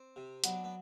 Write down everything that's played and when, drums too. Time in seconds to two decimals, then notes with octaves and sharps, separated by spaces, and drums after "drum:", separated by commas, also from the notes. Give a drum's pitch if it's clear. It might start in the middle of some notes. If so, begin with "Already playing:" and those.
Already playing: C4
0.16 C3
0.44 F#3 B3 D4, drum: hi-hat
0.64 B3